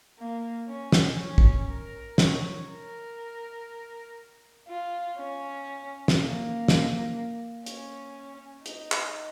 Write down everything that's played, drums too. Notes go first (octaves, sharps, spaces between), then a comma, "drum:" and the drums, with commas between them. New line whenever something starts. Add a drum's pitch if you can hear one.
A#3
C#4
drum: snare
C#4
drum: kick
A#4
C#5, drum: snare
A#4
F4
C#4
drum: snare
A#3
drum: snare
C#4, drum: hi-hat
D#4, drum: hi-hat
drum: clap